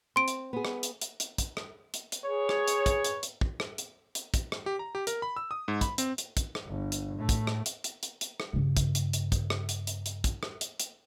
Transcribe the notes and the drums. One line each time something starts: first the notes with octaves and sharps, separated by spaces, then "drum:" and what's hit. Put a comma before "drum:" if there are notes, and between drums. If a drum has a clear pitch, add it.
C4 C6 D7
drum: hi-hat
B3 G#4
drum: rim click
drum: hi-hat
drum: hi-hat
drum: hi-hat
drum: kick, hi-hat
drum: rim click
drum: hi-hat
drum: hi-hat
G#4 B4 C#5
drum: rim click
drum: hi-hat
drum: kick, hi-hat
drum: hi-hat
drum: hi-hat
drum: kick
drum: rim click
drum: hi-hat
drum: hi-hat
drum: kick, hi-hat
drum: rim click
G4
A#5
G4
A#4, drum: hi-hat
B5
E6
D#6
G#2
B5, drum: kick, hi-hat
C4, drum: hi-hat
drum: hi-hat
drum: kick, hi-hat
drum: rim click
G1
drum: hi-hat
A2 A3
drum: kick, hi-hat
drum: rim click
drum: hi-hat
drum: hi-hat
drum: hi-hat
drum: hi-hat
drum: rim click
G2 C#3
drum: kick, hi-hat
drum: hi-hat
drum: hi-hat
drum: kick, hi-hat
drum: rim click
drum: hi-hat
drum: hi-hat
drum: hi-hat
drum: kick, hi-hat
drum: rim click
drum: hi-hat
drum: hi-hat